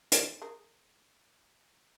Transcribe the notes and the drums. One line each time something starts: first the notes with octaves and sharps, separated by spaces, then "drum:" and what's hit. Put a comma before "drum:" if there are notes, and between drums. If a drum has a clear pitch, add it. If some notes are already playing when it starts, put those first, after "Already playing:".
G4 A4, drum: hi-hat
G#4 A#4